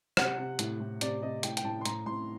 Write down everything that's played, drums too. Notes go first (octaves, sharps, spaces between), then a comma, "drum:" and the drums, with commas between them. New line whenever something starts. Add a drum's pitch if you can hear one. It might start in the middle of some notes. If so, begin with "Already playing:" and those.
C3 F#5, drum: rim click
C3
A2, drum: hi-hat
A2
C3 D5, drum: hi-hat
C3 D#5
A2 G5, drum: hi-hat
G5, drum: hi-hat
A2 A5
C6
A2 A#5, drum: hi-hat
A2 C6